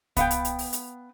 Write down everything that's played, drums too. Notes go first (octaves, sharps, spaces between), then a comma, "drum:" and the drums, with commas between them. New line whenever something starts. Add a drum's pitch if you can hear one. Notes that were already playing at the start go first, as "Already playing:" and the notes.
B3 F5 G5, drum: kick C2, hi-hat
drum: hi-hat
drum: hi-hat
drum: open hi-hat
drum: hi-hat